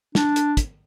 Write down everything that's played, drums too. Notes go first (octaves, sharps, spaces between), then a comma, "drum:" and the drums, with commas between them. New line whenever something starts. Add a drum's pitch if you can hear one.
D4, drum: snare
drum: hi-hat
drum: kick, hi-hat